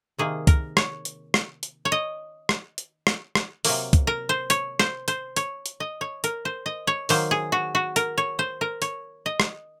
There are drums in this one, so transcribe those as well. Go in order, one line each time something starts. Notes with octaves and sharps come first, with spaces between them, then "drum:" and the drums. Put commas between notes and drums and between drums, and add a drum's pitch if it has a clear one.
C3 D#3 A#3 G#4
A#4, drum: kick, hi-hat
C#5, drum: rim click
drum: hi-hat
drum: rim click
drum: hi-hat
C#5
D#5
drum: rim click
drum: hi-hat
drum: rim click
drum: rim click
C3 F#3 A#3, drum: open hi-hat
drum: kick, hi-hat
A#4
C5
C#5, drum: hi-hat
C5, drum: rim click
C5, drum: hi-hat
C#5, drum: hi-hat
drum: hi-hat
D#5
C#5
A#4, drum: hi-hat
C5
D#5
C#5
D#3 F#3 A#3 C5, drum: open hi-hat
G#4
F#4
F#4
A#4, drum: hi-hat
C#5
C5
A#4
C#5, drum: hi-hat
D#5
drum: rim click